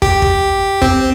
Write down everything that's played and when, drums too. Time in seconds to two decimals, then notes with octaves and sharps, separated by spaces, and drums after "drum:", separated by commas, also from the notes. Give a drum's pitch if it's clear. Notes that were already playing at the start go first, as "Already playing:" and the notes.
0.02 G4, drum: kick
0.22 drum: kick
0.82 C4, drum: kick